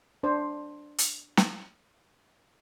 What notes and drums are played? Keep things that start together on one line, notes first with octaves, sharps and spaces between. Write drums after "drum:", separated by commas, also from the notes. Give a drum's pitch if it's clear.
D4 C5
drum: hi-hat
drum: snare